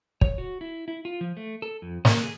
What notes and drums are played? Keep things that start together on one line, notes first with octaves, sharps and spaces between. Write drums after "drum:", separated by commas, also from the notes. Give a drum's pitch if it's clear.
C#5, drum: kick
F#4
E4
E4
F4
F3
A3
A4
F2
A#3, drum: snare
G#4